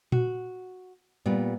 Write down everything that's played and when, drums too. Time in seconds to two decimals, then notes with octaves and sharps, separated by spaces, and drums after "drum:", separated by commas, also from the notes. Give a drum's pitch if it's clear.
0.12 F#4, drum: tom A#2
1.26 A#2 G3 B3